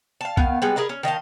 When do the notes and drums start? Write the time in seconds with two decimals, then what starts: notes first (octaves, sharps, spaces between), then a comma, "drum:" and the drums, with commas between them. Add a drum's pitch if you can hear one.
0.21 F5 A5
0.37 D#3 B3 F5, drum: kick
0.62 G3 G#3 B3
0.76 G#4 A#4 B4 D#5
0.89 C#4
1.03 D#3 D#5 F5 A5